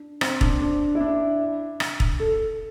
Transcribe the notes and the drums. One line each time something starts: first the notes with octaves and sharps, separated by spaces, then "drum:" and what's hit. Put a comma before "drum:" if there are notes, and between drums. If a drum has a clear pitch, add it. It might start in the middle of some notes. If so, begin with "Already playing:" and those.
Already playing: D4
C4, drum: rim click
D4, drum: kick
D4
E4
D4
drum: rim click
drum: kick
A4